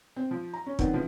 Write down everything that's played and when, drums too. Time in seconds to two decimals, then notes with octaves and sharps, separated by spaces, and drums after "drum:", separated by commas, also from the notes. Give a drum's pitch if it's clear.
0.16 C4
0.31 F3
0.54 A#5
0.66 C#4
0.79 D#3 F#3 B3 C4 D4, drum: kick
0.94 C#3 E3 F3